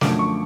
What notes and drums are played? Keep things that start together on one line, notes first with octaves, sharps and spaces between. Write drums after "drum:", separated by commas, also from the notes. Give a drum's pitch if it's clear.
F#2 D3 F3 A3 D6, drum: snare
C#6